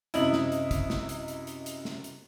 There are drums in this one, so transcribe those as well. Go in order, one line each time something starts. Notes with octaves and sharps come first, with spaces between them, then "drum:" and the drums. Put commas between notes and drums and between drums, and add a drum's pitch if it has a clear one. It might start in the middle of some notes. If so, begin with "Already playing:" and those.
F#2 C3 E4 D#5 F#7, drum: hi-hat
drum: snare
drum: hi-hat
drum: kick, hi-hat
drum: snare
drum: hi-hat
drum: hi-hat
drum: hi-hat
drum: hi-hat
drum: snare
drum: hi-hat